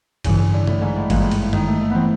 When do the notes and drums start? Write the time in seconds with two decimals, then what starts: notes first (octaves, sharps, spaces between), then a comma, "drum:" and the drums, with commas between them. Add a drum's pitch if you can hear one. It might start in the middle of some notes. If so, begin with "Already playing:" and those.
0.24 A1 G2 C#3 E3, drum: kick, cymbal
0.39 C#3
0.53 D3
0.67 A2, drum: tom
0.81 G#2
0.96 A2
1.10 G#1 G2 A#2 E3 G#3, drum: kick, cymbal
1.21 A2
1.31 drum: cymbal
1.42 A2
1.53 D#3, drum: tom F#2
1.67 A3
1.81 A3
1.90 E3 B3 C4